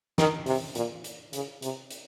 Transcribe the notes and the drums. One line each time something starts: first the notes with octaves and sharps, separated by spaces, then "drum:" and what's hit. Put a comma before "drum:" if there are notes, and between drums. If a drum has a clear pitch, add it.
D#3, drum: snare
C3, drum: open hi-hat
A#2, drum: hi-hat
drum: hi-hat
C#3, drum: hi-hat
C3, drum: hi-hat
drum: hi-hat